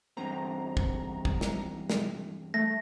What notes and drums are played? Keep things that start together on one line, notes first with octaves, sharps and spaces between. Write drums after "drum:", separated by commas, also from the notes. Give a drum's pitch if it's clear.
E2 G2 C4 A#5
drum: kick
drum: kick
drum: snare
drum: snare
A3 A#6